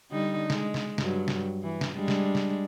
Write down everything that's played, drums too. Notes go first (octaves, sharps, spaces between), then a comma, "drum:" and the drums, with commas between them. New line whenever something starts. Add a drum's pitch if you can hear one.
D3 G3 D#4
G#3, drum: snare
drum: snare
G2 F#3, drum: snare
drum: snare
E3
drum: snare
G3 G#3 D4
drum: snare
drum: snare